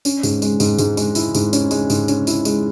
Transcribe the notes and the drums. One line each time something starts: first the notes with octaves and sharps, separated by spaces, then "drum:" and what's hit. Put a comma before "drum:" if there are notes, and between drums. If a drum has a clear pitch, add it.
C#4, drum: tambourine
G#2, drum: tambourine
G#3, drum: tambourine
G#2, drum: tambourine
G#2, drum: tambourine
G#3, drum: tambourine
E4, drum: tambourine
G#2, drum: tambourine
C#4, drum: tambourine
G#3, drum: tambourine
G#2, drum: tambourine
C#4, drum: tambourine
E4, drum: tambourine
G#3, drum: tambourine